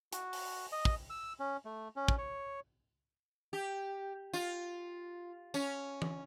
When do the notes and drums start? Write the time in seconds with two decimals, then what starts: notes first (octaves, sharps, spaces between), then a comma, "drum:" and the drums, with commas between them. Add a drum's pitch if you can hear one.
0.13 F#4, drum: hi-hat
0.33 drum: open hi-hat
0.72 D#5
0.85 drum: kick
1.10 E6
1.40 C#4
1.65 A3
1.96 C#4
2.08 drum: kick
2.18 C#5
3.53 G4
4.33 F4, drum: tambourine
5.54 C#4, drum: tambourine
6.02 drum: tom E3